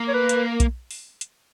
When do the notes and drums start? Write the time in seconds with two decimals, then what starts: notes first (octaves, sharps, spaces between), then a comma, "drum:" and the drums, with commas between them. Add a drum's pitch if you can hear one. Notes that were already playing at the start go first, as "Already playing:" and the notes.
Already playing: A#3
0.08 C#5
0.14 B4
0.29 drum: hi-hat
0.60 drum: kick, hi-hat
0.91 drum: open hi-hat
1.21 drum: hi-hat